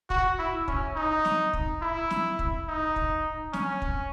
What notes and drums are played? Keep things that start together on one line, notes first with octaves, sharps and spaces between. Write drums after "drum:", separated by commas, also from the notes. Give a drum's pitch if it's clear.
F#4, drum: kick
E4
C#4, drum: kick
D#4
drum: snare
drum: kick
E4
drum: snare
drum: kick
D#4
drum: kick
C#4, drum: snare
drum: kick